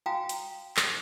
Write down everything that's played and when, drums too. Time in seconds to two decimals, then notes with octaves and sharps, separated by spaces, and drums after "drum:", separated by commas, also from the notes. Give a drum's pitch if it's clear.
0.06 F#4 F5 G5 G#5 A#5 D#6
0.29 drum: hi-hat
0.77 drum: clap